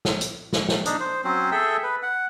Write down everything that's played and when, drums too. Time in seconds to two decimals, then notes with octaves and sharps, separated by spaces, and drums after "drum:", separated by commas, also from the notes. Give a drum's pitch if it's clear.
0.05 drum: snare
0.21 drum: hi-hat
0.53 drum: snare
0.69 drum: snare
0.85 D4 D#4, drum: hi-hat
1.00 C5
1.24 F#3 C4 C#4 C5
1.52 G#4 A4 E5 G5
1.83 B4
2.03 F#5